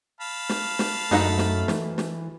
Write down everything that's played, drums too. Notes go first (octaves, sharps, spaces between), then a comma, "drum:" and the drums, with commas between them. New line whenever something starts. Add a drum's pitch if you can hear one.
F5 A5 B5
drum: snare
drum: snare
F#2 F#3 A3 D#4 F#5, drum: snare
drum: snare
E3, drum: snare
drum: snare